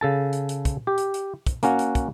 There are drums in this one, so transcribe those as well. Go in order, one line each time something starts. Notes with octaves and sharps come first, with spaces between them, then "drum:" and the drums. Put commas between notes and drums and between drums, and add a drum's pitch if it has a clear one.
C#3 A4 A5
drum: hi-hat
drum: hi-hat
drum: kick, hi-hat
G4
drum: hi-hat
drum: hi-hat
drum: kick, hi-hat
A#3 C#4 F#4 F#5, drum: hi-hat
drum: hi-hat
drum: kick, hi-hat